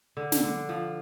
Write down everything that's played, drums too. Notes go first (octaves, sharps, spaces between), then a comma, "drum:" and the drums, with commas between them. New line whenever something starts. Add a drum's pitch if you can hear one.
D3
drum: snare
D3
F3